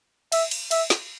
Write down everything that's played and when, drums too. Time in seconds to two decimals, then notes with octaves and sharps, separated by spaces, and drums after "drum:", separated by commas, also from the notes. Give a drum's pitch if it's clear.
0.32 E5, drum: cymbal
0.51 drum: cymbal
0.71 E5, drum: cymbal
0.90 drum: snare